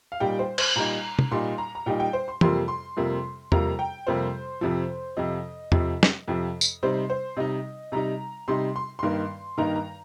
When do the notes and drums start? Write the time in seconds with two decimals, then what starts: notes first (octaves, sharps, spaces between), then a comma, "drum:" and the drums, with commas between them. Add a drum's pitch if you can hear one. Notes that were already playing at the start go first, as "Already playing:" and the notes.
0.12 F5
0.20 A#2 G3 D#4 G5
0.39 C5
0.58 C5, drum: cymbal
0.76 A#2 G3 D#4 A#5
1.19 drum: tom
1.31 A#2 G3 D#4 C6
1.58 A#5
1.75 A#5
1.86 A#2 G3 D#4 G5
2.00 G5
2.13 C5
2.28 C6
2.41 F2 C3 G3 A#3 F4 C6, drum: tom
2.68 C6
2.97 F2 C3 G3 A#3 F4
3.52 F2 C3 G3 A#3 F4 A#5, drum: tom E2
3.79 G5
4.07 F2 C3 G3 A#3 F4 C5
4.61 F2 C3 F3
5.17 F2 C3 F3 D#5
5.72 F2 C3 F3, drum: tom E2
6.03 drum: snare
6.28 F2 C3 F3
6.61 drum: tambourine
6.83 C3 G3 D#4 C5
7.10 C5
7.37 C3 G3 D#4 D#5
7.92 C3 G3 D#4 A#5
8.48 C3 G3 D#4 C6
8.76 C6
8.99 G2 D#3 A#3 D#4 C6
9.58 G2 D#3 A#3 D#4 A#5
9.75 A#5